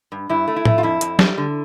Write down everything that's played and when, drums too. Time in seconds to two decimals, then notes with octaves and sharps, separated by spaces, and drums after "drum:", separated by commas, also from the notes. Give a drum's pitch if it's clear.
0.12 G2
0.29 G2 E4
0.48 A3
0.56 E4
0.65 A3, drum: tom A2
0.78 F4
0.83 F2 E4
1.01 F2, drum: hi-hat
1.19 G3, drum: snare
1.38 D3